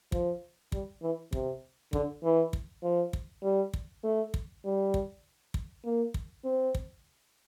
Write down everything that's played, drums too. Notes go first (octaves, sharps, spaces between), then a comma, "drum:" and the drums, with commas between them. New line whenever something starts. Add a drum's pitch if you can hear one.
F3, drum: kick
G3, drum: kick
E3
C3, drum: kick
D3, drum: kick
E3
drum: kick
F3
drum: kick
G3
drum: kick
A3
drum: kick
G3
drum: kick
drum: kick
A#3
drum: kick
C4
drum: kick